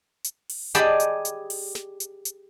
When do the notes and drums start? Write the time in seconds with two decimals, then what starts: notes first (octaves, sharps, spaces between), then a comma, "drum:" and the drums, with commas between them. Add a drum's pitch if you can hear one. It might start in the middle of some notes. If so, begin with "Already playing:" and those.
0.24 drum: hi-hat
0.49 drum: open hi-hat
0.75 G4 G#4 D5 D#5 A5 B5, drum: hi-hat
1.00 drum: hi-hat
1.25 drum: hi-hat
1.50 drum: open hi-hat
1.75 drum: snare
2.00 drum: hi-hat
2.25 drum: hi-hat